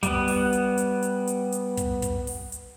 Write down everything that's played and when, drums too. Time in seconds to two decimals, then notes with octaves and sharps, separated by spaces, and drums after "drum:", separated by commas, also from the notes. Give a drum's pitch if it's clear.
0.03 G3 B3, drum: kick, hi-hat
0.28 drum: open hi-hat
0.53 drum: hi-hat
0.78 drum: hi-hat
1.02 drum: hi-hat
1.27 drum: hi-hat
1.52 drum: hi-hat
1.77 drum: kick, hi-hat
2.02 drum: kick, hi-hat
2.27 drum: open hi-hat
2.52 drum: hi-hat